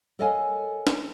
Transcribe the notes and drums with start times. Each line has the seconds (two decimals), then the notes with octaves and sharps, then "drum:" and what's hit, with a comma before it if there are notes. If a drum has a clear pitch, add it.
0.19 A4 A#4 C#5 D#5 F5 G#5
0.87 drum: snare